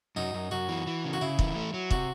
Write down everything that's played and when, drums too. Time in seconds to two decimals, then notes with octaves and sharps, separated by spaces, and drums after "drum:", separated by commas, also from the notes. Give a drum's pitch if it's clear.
0.16 F#2 D#4
0.34 F#2
0.51 F#2 F#4
0.68 E3
0.87 E3
1.04 C#3
1.13 F#4
1.21 C#3 E4
1.39 E3, drum: kick
1.56 A3
1.74 F#3
1.91 C3 F#4, drum: kick